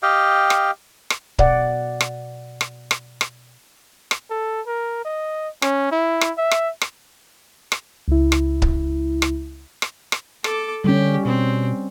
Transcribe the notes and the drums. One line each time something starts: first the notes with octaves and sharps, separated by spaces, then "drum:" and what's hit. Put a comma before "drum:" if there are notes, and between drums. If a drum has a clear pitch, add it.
G4 D#5 F5 G5
drum: rim click
drum: rim click
B2 D5 F#5, drum: kick C#1
drum: rim click
drum: rim click
drum: rim click
drum: rim click
drum: rim click
A4
A#4
D#5
C#4, drum: rim click
E4
drum: rim click
E5
drum: rim click
drum: rim click
drum: rim click
C#2 E4
drum: rim click
drum: kick C#1
drum: rim click
drum: rim click
drum: rim click
A4 D6, drum: rim click
D3 G3 C#4 G4
B2 C4